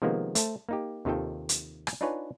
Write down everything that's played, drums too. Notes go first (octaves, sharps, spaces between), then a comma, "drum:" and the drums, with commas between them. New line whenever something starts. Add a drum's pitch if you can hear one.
C3 D#3 F3 G#3 A#3 B3
A3 C5 A5, drum: hi-hat
A#3 D#4 G4
D#2 C3 D#3 F4 A4 G5
drum: hi-hat
drum: rim click
D4 D#4 F4 B4 C#5 G#5